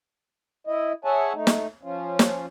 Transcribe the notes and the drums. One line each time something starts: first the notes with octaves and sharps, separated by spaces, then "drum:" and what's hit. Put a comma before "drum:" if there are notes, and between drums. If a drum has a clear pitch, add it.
E4 D#5
G#4 C#5 E5 F#5 G#5 A5
A3 D#4
drum: snare
F3 C#4 F4
drum: snare